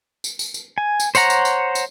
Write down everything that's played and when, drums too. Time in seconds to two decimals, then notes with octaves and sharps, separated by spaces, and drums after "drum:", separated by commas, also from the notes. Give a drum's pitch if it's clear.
0.24 drum: tambourine
0.39 drum: tambourine
0.54 drum: tambourine
0.78 G#5
1.00 drum: tambourine
1.15 C5 C#5 F#5 A#5, drum: tambourine
1.30 drum: tambourine
1.45 drum: tambourine
1.75 drum: tambourine